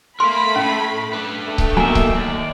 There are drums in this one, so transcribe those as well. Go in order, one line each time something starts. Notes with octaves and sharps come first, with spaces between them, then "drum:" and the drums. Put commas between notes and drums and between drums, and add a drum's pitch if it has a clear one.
A3 A#4 F5 B5 C6
A2 C#4
D4 B4
A3 G5
drum: kick C#1
D#3 F#3 A#3 B3 E5 G#5 A#5
drum: kick C#1
D#2 D5